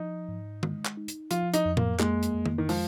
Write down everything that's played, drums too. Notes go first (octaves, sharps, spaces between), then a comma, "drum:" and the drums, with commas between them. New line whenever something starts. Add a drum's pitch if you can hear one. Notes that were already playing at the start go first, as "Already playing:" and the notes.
Already playing: F3 D#4
G#2
G#3, drum: tom D#3
drum: clap
D#4
drum: hi-hat
F3 F4, drum: hi-hat
D#4, drum: hi-hat
F2
A#3, drum: tom A2
G#3 A#3, drum: clap
drum: hi-hat
F2
drum: tom D#3
D#3
F3 G#3, drum: open hi-hat